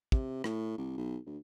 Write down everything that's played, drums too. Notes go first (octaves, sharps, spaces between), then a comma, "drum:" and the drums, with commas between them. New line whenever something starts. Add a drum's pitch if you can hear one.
C3, drum: kick
A2, drum: rim click
C2
B1
D2